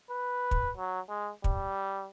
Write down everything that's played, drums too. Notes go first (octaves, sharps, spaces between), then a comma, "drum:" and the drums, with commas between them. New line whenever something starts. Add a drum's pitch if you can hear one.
B4
drum: kick
F#3
G#3
G3, drum: kick